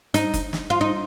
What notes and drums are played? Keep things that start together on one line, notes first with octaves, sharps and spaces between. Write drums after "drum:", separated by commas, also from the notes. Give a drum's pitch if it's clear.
D#4, drum: hi-hat
drum: kick F#1, hi-hat
drum: snare
F4
D#4